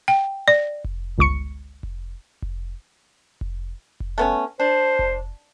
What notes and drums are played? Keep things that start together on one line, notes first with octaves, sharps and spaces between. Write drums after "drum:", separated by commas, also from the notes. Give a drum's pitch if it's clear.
G5
D5
drum: kick F1
G1 C#2 C#6 C#7
drum: kick F1
drum: kick F1
drum: kick F1
drum: kick F1
A3 B3 C#4
D4 C5
drum: kick F1